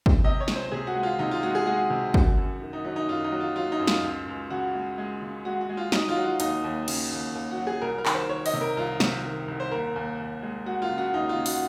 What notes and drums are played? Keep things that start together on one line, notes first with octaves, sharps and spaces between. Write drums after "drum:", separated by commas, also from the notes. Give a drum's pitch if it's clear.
drum: kick
C3 D#5
C#5
C#2, drum: snare
C5
C3 G#4
F#4
G#3
F4
C3 D#4
F4
G#3 F#4
G#4
G#3 F#4
C3
F#2, drum: kick
F#2
D#3
D#4
F#3 D#4
D#4
F#2 F4
D#4
F#3
F4
F#3 F4
D#4
F#2
F4, drum: snare
C#2
C#2
C#3 F#4
G#3
G#3
C#3
G#3 F#4
F#4
G#3
F4
F#3 D#4, drum: snare
F4
F#3 F#4
F4
D#2 D#4, drum: hi-hat
D#2
C#3, drum: cymbal
D#2
D#2
F#4
F#3
G#4
C2 A#4
A#4
D#3, drum: clap
C5
D#3 C#5
D#5, drum: open hi-hat
C3
A#4
C2 F4
C3, drum: snare
D#3
C2
C5
D#2 A#4
D#2
D#2
G#3
G#3 F#4
F4
C#3
F#4
D#2 D#4
F4
C#3
F#4, drum: open hi-hat